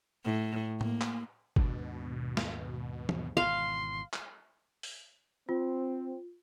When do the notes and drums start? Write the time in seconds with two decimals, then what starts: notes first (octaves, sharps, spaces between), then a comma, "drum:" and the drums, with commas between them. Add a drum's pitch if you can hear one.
0.25 A2
0.81 A#3, drum: tom
1.01 drum: clap
1.56 D#2 G#2 B2 D4, drum: kick G1
2.37 drum: snare
3.09 drum: tom
3.37 G#1 B2 E3 F5 C6
4.13 drum: clap
4.83 drum: open hi-hat
5.49 C4 F4